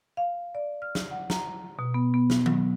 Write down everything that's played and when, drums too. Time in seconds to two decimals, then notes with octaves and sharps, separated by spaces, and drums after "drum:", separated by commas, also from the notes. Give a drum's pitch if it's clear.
0.17 F5
0.55 D5
0.82 F6
0.95 drum: snare
1.11 F#5
1.30 A#5, drum: snare
1.79 B2
1.94 B3
2.14 B3
2.30 drum: snare
2.46 F#3, drum: tom D#3